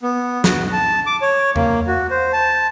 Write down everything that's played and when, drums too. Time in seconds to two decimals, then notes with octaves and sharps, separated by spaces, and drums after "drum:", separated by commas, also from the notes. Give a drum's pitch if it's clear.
0.03 B3
0.44 F#4, drum: snare
0.72 A5
1.06 D6
1.22 C#5
1.56 A#3, drum: tom E2
1.87 F#4
2.10 C5
2.33 A5